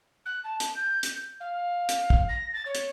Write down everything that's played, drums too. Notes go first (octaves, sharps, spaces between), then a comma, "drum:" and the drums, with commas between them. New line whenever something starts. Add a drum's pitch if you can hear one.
F#6
A5
drum: hi-hat
G6
drum: hi-hat
F5
drum: hi-hat
drum: kick
A#6
A6
C#5
drum: hi-hat